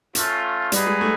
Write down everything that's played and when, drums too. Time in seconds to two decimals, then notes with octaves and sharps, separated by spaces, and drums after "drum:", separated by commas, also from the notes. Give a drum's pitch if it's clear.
0.15 A3 C#4 F4, drum: hi-hat
0.72 G3 B3 D#4 G#4 B4, drum: hi-hat
0.87 G#3
1.01 A3